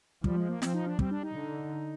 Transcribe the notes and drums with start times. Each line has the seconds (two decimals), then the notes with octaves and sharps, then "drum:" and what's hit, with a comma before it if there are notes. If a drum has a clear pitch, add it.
0.24 F3 G3, drum: kick
0.37 G#3
0.49 A#3
0.62 F3 C4, drum: snare
0.74 D#4
0.87 D4
0.99 G3 C4, drum: kick
1.11 D4
1.23 D#4
1.35 D3